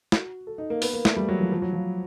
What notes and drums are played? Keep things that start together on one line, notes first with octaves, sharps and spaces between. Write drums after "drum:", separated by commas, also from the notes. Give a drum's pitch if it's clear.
F#4, drum: snare
A4
D#4
A#3
B3, drum: open hi-hat
A#3
A3, drum: snare
G3
F#3
F3
F3
F#3
F3